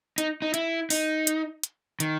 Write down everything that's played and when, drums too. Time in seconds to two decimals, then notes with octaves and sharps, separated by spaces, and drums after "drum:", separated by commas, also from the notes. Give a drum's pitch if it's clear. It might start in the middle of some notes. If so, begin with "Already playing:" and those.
0.18 D#4, drum: hi-hat
0.42 D#4
0.54 E4, drum: hi-hat
0.90 D#4, drum: open hi-hat
1.27 drum: hi-hat
1.63 drum: hi-hat
2.00 D#3, drum: hi-hat